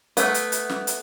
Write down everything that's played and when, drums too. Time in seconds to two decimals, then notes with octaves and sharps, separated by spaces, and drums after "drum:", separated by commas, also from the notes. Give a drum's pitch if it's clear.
0.17 A3 B3, drum: hi-hat
0.34 drum: hi-hat
0.52 drum: hi-hat
0.70 drum: snare
0.87 drum: hi-hat